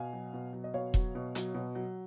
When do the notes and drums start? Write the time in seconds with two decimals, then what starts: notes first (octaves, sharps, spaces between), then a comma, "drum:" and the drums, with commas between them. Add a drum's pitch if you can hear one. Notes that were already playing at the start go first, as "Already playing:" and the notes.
Already playing: B2 F5 G#5
0.13 F#3
0.34 B2
0.53 F#3
0.64 D#5
0.74 B2 C#5 F5
0.94 F#3, drum: kick E1
1.15 B2
1.35 F#3, drum: hi-hat
1.55 B2
1.75 F#3